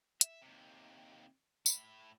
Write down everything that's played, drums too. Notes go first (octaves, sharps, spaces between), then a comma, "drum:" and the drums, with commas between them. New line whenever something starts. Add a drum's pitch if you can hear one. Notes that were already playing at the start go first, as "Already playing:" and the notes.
E5, drum: hi-hat
D#2 C3
A2 B5, drum: tambourine